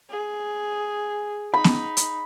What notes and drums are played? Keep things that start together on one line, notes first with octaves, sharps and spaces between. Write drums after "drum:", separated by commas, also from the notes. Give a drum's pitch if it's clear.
G#4
D#4 B5
drum: snare B3
drum: hi-hat